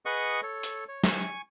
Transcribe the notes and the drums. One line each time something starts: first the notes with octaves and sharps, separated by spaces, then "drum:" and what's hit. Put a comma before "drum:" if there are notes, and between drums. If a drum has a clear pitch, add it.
G#4 B4 D#5 F#5 C#6
A4 C#5
drum: hi-hat
C#5
G#5 C#6, drum: snare